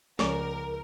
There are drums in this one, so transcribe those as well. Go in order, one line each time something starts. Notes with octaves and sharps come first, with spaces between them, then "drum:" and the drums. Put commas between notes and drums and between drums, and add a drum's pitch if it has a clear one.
C#2 F3 C#4 A#4 C#5 D5, drum: snare